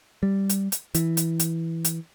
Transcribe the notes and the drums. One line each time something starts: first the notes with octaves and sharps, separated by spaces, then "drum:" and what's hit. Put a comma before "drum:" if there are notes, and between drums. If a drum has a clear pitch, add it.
G3
drum: hi-hat
drum: hi-hat
E3, drum: hi-hat
drum: hi-hat
drum: hi-hat
drum: hi-hat